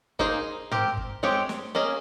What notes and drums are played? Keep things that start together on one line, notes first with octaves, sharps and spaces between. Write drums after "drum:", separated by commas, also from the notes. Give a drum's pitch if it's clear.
A#3 D#4 G#4 C5, drum: kick G1
C4 G4 A#4, drum: tom
drum: kick G1
G#3 C4 G4 C#5
drum: snare
A#3 C#4 G#4 D#5